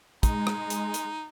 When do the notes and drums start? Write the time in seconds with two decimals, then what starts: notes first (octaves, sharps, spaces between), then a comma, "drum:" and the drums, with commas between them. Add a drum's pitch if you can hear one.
0.23 G#3 D#4, drum: kick, hi-hat
0.47 drum: rim click
0.70 drum: hi-hat
0.94 drum: hi-hat